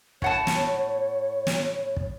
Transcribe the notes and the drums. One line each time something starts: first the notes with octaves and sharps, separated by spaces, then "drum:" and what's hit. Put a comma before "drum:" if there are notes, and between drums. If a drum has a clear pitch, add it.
A2 C#5 F#5 A5, drum: kick
drum: snare
drum: snare
drum: kick